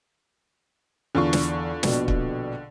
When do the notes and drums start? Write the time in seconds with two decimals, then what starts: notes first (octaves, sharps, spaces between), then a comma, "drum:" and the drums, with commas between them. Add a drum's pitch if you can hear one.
1.15 E2 D3 F4 C#6
1.33 drum: snare
1.83 A#1 B2, drum: snare
2.08 drum: kick